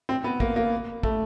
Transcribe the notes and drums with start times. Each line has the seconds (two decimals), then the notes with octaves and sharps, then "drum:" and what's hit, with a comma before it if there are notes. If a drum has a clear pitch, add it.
0.09 C4
0.24 B3
0.40 A#3, drum: kick
0.56 A#3
1.03 A3, drum: kick